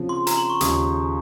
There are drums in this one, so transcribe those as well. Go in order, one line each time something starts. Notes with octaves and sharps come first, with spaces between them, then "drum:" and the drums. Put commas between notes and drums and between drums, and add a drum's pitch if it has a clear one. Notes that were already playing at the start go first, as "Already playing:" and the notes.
Already playing: C#3 F3 C4
C6
A#5, drum: hi-hat
C6
C#6
D#2 C#3 F3 G#3 D#6, drum: hi-hat